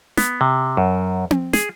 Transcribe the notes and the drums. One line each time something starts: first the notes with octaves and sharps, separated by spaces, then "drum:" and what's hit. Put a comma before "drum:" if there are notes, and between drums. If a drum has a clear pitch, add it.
B3, drum: snare
C3
F#2
drum: tom C4
G#4, drum: snare